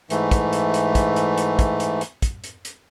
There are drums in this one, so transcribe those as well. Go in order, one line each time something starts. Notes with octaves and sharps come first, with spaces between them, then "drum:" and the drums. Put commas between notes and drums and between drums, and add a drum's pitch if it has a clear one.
G#2 E3 A3, drum: hi-hat
drum: kick, hi-hat
drum: hi-hat
drum: hi-hat
drum: kick, hi-hat
drum: hi-hat
drum: hi-hat
drum: kick, hi-hat
drum: hi-hat
drum: hi-hat
drum: kick, hi-hat
drum: hi-hat
drum: hi-hat